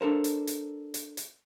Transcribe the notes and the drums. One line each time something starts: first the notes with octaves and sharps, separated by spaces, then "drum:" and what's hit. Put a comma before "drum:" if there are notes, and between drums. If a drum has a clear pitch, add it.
D4 A4 A#4 C5
drum: hi-hat
drum: hi-hat
drum: hi-hat
drum: hi-hat